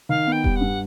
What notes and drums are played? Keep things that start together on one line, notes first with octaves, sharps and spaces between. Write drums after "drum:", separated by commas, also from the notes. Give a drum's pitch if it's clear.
D#3 F5
B3
G5
G3, drum: kick E1
G2 F#5